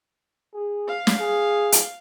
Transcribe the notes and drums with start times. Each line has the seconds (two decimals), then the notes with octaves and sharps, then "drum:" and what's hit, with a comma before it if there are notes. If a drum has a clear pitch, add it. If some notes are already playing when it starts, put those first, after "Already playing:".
0.54 G#4
0.88 F5
1.07 drum: snare
1.20 G#4
1.72 drum: hi-hat